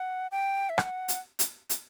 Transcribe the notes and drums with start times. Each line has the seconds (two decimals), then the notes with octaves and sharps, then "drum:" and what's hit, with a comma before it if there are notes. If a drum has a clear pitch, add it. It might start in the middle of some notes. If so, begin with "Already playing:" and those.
Already playing: F#5
0.32 G5
0.69 E5
0.78 F#5, drum: rim click
1.08 drum: hi-hat
1.39 drum: hi-hat
1.70 drum: hi-hat